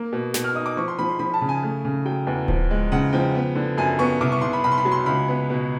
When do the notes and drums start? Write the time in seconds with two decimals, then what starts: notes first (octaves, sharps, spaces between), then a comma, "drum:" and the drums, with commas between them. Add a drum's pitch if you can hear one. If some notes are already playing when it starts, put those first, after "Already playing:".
Already playing: A#3
0.13 B2
0.34 B2, drum: snare
0.44 F6
0.55 D#4 D#6
0.66 D6
0.77 F3 C#6
0.88 C6
0.99 F3 B5
1.09 C6
1.19 F3 B5
1.34 A5
1.41 C#3
1.49 G#5
1.63 A3
1.85 C#3
2.05 F#3 G5
2.27 E2
2.48 F3, drum: kick D1
2.71 G#3
2.92 C#3 F#5
3.13 F3 G5
3.35 B3
3.56 D3
3.77 F#2 G#5
3.99 B3 C#6
4.21 C2 D6
4.32 C#6
4.41 C2 C6
4.53 B5
4.64 C2 B5
4.72 C6
4.78 B5
4.85 F#3
4.92 C6
5.06 C#2 B5
5.28 B3
5.50 B2